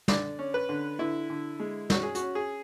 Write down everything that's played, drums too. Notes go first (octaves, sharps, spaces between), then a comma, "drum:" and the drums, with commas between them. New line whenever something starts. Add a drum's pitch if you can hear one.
D3 D5, drum: snare
C#4
B4
D3
D3 E4
D3
G#3
C#4 F#4, drum: snare
G#4
F#4, drum: hi-hat
C#4
G#4